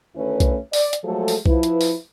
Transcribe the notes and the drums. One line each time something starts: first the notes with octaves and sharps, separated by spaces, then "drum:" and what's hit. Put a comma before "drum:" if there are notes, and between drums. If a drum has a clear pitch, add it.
D2 D#3 A3 C#4 E4 B4
drum: kick B1, hi-hat
D5, drum: open hi-hat
drum: hi-hat
F3 F#3 G#3 A3 G#4 A4
drum: open hi-hat
F3 E4 B4, drum: kick B1
drum: hi-hat
drum: open hi-hat